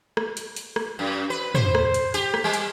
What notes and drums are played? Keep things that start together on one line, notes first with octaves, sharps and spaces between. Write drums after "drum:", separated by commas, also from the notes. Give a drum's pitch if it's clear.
drum: rim click
drum: hi-hat
drum: hi-hat
drum: rim click
F#2
B4
C5, drum: tom
drum: rim click
drum: hi-hat
G4, drum: hi-hat
drum: rim click
G3
drum: hi-hat